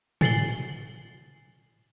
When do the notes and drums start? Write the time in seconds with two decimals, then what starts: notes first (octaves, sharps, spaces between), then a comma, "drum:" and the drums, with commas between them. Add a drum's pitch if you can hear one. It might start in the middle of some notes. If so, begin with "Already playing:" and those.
0.21 G#5 A6 C7 F#7 G7, drum: tom